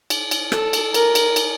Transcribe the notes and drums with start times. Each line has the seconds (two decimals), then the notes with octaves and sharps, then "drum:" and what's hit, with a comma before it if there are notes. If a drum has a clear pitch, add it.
0.10 drum: cymbal
0.31 drum: cymbal
0.52 A4, drum: rim click
0.73 drum: cymbal
0.94 A#4, drum: cymbal
1.15 drum: cymbal
1.36 drum: cymbal